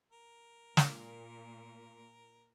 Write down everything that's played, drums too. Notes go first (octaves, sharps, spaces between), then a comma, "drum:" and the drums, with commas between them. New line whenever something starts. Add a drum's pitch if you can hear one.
A#4
A#2, drum: snare